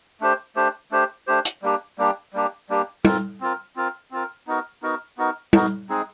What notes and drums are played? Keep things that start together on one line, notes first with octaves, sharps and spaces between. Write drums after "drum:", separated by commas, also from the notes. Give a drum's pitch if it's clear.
A3 D4 G4 C5
A3 D4 G4 C5
A3 D4 G4 C5
A3 D4 G4 C5
drum: hi-hat
G3 A#3 D4 G4
G3 A#3 D4 G4
G3 A#3 D4 G4
G3 A#3 D4 G4
C4 F4 A#4, drum: tom
C4 F4 A#4
C4 F4 A#4
C4 F4 A#4
B3 D#4 F#4 A#4
B3 D#4 F#4 A#4
B3 D#4 F#4 A#4
B3 D#4 F#4 A#4, drum: tom
G#3 C4 D#4 G#4